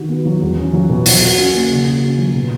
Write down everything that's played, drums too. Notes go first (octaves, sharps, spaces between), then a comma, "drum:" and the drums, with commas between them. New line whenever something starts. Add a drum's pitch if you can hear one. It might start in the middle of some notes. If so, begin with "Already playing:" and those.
Already playing: D#3 F#4
B3
F#3
E2
C#4
F#3
B2
F#3, drum: open hi-hat
F#4
C#4
A#3
C#3
F#4
C#4
F#3
B2